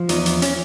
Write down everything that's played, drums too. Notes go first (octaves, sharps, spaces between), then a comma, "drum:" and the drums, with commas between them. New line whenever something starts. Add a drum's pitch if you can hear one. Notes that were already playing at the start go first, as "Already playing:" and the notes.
Already playing: F3
E2 D#4, drum: hi-hat
drum: hi-hat
C#4, drum: hi-hat